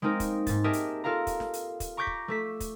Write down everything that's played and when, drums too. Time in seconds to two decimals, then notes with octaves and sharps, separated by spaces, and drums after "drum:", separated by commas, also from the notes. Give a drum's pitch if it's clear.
0.02 G#3 A#3 C4 D#4 A#4
0.20 drum: kick, hi-hat
0.47 G#2 A6, drum: kick, hi-hat
0.64 G4 G#4 A#4 D#5 E5 A5
0.73 drum: hi-hat
1.04 F4 A4 A#4 F5 A#5
1.27 drum: kick, hi-hat
1.40 drum: snare
1.53 drum: hi-hat
1.80 drum: kick, hi-hat
1.97 A#5 C#6 D6 G6 A#6 B6
2.07 drum: kick
2.28 A3 A4 B6
2.60 drum: kick, hi-hat